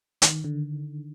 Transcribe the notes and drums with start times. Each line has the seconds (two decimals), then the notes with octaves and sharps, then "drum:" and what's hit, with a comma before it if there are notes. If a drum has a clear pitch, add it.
0.22 D#3, drum: hi-hat
0.44 D3